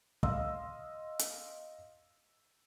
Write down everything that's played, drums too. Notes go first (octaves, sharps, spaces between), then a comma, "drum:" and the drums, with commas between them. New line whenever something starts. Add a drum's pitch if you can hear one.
D#5 F5 C6 E6, drum: kick
drum: hi-hat